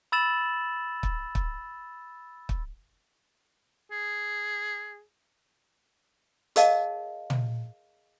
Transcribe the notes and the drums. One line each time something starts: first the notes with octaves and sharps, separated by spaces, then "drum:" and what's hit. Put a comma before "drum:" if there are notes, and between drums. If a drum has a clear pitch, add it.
B5 E6 A6 E7 F#7
drum: kick
drum: kick
drum: kick
G#4
G#4 A#4 C#5 D#5 F5 A5, drum: hi-hat
drum: tom